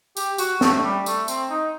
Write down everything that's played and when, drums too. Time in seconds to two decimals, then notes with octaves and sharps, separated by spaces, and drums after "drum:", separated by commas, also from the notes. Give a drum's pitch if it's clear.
0.17 G4, drum: tambourine
0.38 F#4, drum: tambourine
0.61 A3, drum: snare
0.74 A3
0.83 G3
1.06 A3, drum: tambourine
1.28 C4, drum: tambourine
1.50 D#4